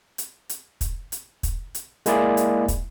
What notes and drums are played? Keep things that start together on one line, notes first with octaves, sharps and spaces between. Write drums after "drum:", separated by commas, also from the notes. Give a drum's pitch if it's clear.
drum: hi-hat
drum: hi-hat
drum: kick, hi-hat
drum: hi-hat
drum: kick, hi-hat
drum: hi-hat
G#3 A#3 E4 G#4 D5, drum: hi-hat
drum: hi-hat
drum: kick, hi-hat